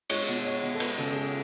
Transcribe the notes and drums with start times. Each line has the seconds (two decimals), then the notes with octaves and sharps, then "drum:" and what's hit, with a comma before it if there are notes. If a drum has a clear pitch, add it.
0.10 G#3 C#5, drum: cymbal
0.28 B2
0.45 G#3 C#5
0.63 B2
0.74 A4
0.80 G#3 B4, drum: cymbal
0.98 C#3 A4
1.11 G#4
1.16 G#3 A4